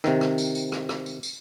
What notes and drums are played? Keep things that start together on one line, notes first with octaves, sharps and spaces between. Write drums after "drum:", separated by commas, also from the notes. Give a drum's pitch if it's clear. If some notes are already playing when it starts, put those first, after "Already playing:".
C3 D#3, drum: rim click
drum: rim click
drum: tambourine
drum: tambourine
drum: rim click
drum: rim click
drum: tambourine
drum: tambourine